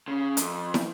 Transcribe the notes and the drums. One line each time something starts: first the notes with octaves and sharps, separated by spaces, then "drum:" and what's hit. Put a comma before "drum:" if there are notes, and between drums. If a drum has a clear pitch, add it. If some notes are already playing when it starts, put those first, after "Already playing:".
C#3
F2, drum: hi-hat
drum: snare